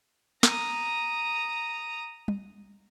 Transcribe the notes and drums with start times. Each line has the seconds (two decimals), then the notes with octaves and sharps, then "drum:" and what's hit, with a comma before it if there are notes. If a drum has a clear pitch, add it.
0.43 A#5 D#6, drum: snare
2.28 drum: tom G3